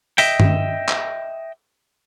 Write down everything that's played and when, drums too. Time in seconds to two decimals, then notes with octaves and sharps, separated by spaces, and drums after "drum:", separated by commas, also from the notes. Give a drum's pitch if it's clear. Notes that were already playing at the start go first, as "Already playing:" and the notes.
0.18 D#5 E5 G5, drum: open hi-hat
0.40 drum: tom G2
0.89 drum: clap